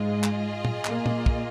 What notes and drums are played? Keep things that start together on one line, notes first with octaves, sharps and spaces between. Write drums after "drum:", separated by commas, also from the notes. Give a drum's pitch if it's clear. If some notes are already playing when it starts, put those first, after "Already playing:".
Already playing: G#2 G#3 F4 G#4 D#5
drum: clap
drum: tom
A#2 A#3, drum: clap
drum: tom
drum: kick